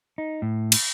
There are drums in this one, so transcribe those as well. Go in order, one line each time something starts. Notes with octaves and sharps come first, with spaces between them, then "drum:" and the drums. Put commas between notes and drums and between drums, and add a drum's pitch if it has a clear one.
D#4
A2
drum: cymbal